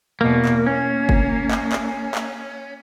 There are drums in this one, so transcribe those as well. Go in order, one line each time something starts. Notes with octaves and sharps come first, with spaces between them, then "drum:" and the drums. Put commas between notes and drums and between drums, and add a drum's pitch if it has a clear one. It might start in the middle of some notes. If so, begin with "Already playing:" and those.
E2 B2 A#3
drum: clap
A#3 C#4
drum: kick F#1
drum: clap
drum: clap
drum: clap